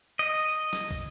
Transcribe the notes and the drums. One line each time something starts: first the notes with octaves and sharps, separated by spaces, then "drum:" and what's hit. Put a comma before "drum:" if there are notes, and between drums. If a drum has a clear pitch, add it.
D#5, drum: tambourine
drum: tambourine
drum: tambourine
drum: snare
drum: kick, tambourine